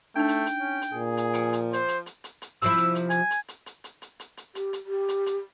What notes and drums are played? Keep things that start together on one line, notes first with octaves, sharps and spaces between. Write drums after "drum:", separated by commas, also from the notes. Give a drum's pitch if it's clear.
A3 D4 D#4 G5
drum: hi-hat
drum: hi-hat
C#4
drum: hi-hat
A#2 G#4
drum: hi-hat
F3 G5 G#5, drum: hi-hat
drum: hi-hat
C5, drum: hi-hat
drum: hi-hat
drum: hi-hat
drum: hi-hat
drum: hi-hat
C3 F3 E4 E6, drum: hi-hat
drum: hi-hat
drum: hi-hat
G#5, drum: hi-hat
drum: hi-hat
drum: hi-hat
drum: hi-hat
drum: hi-hat
drum: hi-hat
drum: hi-hat
drum: hi-hat
G4, drum: hi-hat
drum: hi-hat
G4
drum: hi-hat
drum: hi-hat